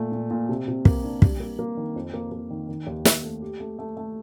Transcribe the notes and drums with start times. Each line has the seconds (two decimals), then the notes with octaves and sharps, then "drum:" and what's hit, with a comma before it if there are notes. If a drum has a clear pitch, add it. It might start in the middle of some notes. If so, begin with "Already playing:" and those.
Already playing: A#2 A3
0.12 A#2
0.31 A#2
0.49 C3
0.68 C3
0.85 A#3, drum: kick
1.04 D4
1.22 G3, drum: kick
1.40 A#3
1.59 A#3
1.77 D#3
1.96 F2
2.14 A#3
2.32 A#3
2.50 D#3
2.68 D#3
2.87 D#2
3.05 D#2, drum: snare
3.23 A3
3.42 G4
3.60 A3
3.79 A3
3.97 A3